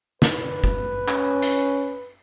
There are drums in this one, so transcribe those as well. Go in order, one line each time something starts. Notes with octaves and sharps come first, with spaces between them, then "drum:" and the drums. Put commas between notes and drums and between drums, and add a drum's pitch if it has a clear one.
B4, drum: snare
drum: kick F#1
C#4, drum: clap
drum: hi-hat